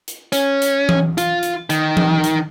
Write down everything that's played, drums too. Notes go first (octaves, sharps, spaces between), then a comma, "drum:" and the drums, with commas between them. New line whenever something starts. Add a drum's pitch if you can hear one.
drum: hi-hat
C#4, drum: hi-hat
drum: hi-hat
drum: tom E3
F4, drum: hi-hat
drum: hi-hat
D#3, drum: hi-hat
drum: tom E3
drum: hi-hat